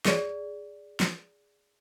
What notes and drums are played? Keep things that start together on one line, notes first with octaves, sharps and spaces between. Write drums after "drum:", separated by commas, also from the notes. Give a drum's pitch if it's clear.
G#4 D5, drum: snare
drum: snare